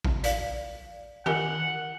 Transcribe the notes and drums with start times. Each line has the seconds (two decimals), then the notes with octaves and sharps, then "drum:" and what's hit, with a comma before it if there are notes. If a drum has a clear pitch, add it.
0.05 drum: kick A1
0.24 D5 F5, drum: hi-hat
1.26 G4 A#4 F#5 G#5, drum: tom D#3